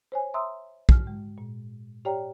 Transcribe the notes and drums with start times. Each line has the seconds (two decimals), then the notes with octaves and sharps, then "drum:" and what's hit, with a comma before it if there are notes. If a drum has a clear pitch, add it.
0.12 C5 C#5 G#5
0.34 E5 A#5 C6 D#6 E6
0.89 G#2 F6, drum: kick
1.07 G#3
1.38 A#2
2.05 G4 C#5 D5 G5 A#5